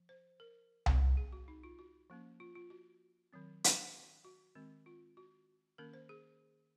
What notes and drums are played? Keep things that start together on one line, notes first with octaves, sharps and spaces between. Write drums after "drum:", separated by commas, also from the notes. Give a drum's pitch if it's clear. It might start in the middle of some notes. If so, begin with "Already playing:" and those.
Already playing: F3
C5
A#4
F#3 C4, drum: tom C2
G#4
F#4
D#4
F4
F#4
F3 A#3 C#4
F4
F4
F#4
D#3 F#3 C4
drum: hi-hat
F#4
D#3 G#3 C4
F4
F#4
D#3 A#3 C#4 A#4
C5
G#4